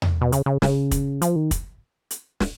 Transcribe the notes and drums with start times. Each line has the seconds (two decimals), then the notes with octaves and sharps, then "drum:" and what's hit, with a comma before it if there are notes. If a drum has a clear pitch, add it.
0.02 drum: tom E2
0.21 B2
0.32 C#3, drum: hi-hat
0.46 C#3
0.62 C#3, drum: snare
0.91 drum: kick, hi-hat
1.22 F3, drum: hi-hat
1.36 D#3
1.51 drum: kick, hi-hat
2.11 drum: hi-hat
2.40 drum: snare